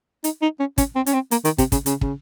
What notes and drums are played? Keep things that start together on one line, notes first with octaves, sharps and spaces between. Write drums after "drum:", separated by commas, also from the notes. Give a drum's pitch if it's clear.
D#4, drum: hi-hat
D#4
C#4
C#4, drum: kick, hi-hat
C4
C#4, drum: hi-hat
C4
A#3, drum: hi-hat
D#3, drum: hi-hat
C3, drum: kick, hi-hat
C#3, drum: kick, hi-hat
C#3, drum: hi-hat
C#3, drum: kick